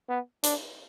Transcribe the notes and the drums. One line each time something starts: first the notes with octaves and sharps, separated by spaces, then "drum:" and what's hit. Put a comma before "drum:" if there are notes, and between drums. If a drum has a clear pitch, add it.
B3
D4, drum: hi-hat